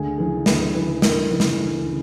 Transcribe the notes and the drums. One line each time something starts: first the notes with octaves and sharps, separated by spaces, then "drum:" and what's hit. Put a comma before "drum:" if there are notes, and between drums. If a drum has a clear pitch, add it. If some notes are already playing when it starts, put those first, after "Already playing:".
Already playing: D2 G#4
C#3 E3 G#4
D2 B4, drum: snare
C#3 E3 B4
D2 A#4, drum: snare
C#3 E3
drum: snare
D2
C#3